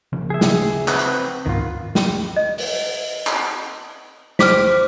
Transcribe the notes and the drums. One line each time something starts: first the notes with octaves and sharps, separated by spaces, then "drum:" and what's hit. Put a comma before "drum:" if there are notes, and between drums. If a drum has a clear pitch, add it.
C#3 F3 A#3
G#4 E5
drum: snare
C4 B4 F#5, drum: clap
drum: hi-hat
C#2 G#2 D#3 F4
drum: snare
D#5
drum: open hi-hat
drum: clap
C5 D6 F6 B6, drum: snare